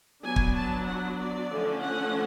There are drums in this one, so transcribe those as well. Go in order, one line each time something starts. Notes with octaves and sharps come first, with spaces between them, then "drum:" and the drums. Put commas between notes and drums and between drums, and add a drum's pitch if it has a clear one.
F#3 B3 D4 G#5
drum: kick
A5
F#5
D5
D3 F3 A3 C#4
F#5